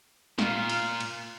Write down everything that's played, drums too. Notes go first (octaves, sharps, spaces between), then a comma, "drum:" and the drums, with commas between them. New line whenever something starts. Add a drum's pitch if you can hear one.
A#2 F4, drum: snare
drum: cymbal
drum: cymbal